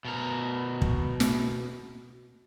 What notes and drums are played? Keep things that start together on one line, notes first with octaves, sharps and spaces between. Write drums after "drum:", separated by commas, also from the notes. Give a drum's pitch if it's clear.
B2 A#4
drum: kick
drum: snare